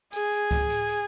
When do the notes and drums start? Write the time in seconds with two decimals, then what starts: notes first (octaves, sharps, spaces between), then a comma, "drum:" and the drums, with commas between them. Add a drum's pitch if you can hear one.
0.13 G#4, drum: tambourine
0.32 drum: tambourine
0.51 drum: kick C#2, tambourine
0.70 drum: tambourine
0.89 drum: tambourine